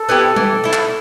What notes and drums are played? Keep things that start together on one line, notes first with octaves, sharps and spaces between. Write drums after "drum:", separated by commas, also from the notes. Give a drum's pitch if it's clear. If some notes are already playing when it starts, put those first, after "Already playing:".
Already playing: A4
B3 E4 G4
E3, drum: tom G3
A3 E4
drum: clap